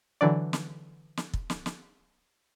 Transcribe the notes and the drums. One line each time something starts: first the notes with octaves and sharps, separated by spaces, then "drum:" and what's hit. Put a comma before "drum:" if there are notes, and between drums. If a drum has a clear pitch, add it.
D3 E3 F#3 D4 D5
drum: snare
drum: snare
drum: kick
drum: snare
drum: snare